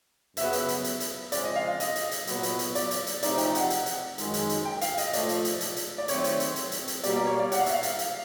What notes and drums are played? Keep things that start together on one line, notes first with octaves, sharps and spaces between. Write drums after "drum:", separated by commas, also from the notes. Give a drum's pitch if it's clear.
F#2 C#3 F#3 B3 E5, drum: hi-hat
drum: hi-hat
drum: hi-hat
drum: hi-hat
drum: hi-hat
C#3 F3 G#3 C4 D5, drum: hi-hat
D#5
F5
D#5, drum: hi-hat
drum: hi-hat
drum: hi-hat
A#2 F#3 B3, drum: hi-hat
drum: hi-hat
drum: hi-hat
D5, drum: hi-hat
drum: hi-hat
drum: hi-hat
C3 F3 A3 C4 D#4 D5, drum: hi-hat
G5, drum: hi-hat
F#5, drum: hi-hat
drum: hi-hat
drum: hi-hat
F#2 D#3 G#3, drum: hi-hat
drum: hi-hat
drum: hi-hat
G5
F5, drum: hi-hat
D#5, drum: hi-hat
A#2 F3 A3 D5, drum: hi-hat
drum: hi-hat
drum: hi-hat
drum: hi-hat
drum: hi-hat
D5
D#3 F#3 A3 C4 C#5, drum: hi-hat
drum: hi-hat
drum: hi-hat
drum: hi-hat
drum: hi-hat
drum: hi-hat
B2 G3 A#3 D5, drum: hi-hat
D5
C#5
D5
F#5, drum: hi-hat
F5
E5, drum: hi-hat
F5
drum: hi-hat
drum: hi-hat